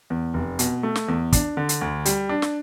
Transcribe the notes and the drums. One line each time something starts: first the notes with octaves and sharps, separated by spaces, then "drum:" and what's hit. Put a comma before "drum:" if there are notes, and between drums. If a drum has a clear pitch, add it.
E2
F1
B2, drum: hi-hat
A3
drum: snare
E2
D4, drum: kick, hi-hat
D3
drum: hi-hat
D2
G3, drum: hi-hat
D4
drum: snare